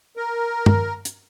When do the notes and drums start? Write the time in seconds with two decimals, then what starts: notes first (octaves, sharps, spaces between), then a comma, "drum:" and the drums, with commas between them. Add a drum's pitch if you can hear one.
0.17 A#4
0.66 drum: tom G2
1.05 drum: hi-hat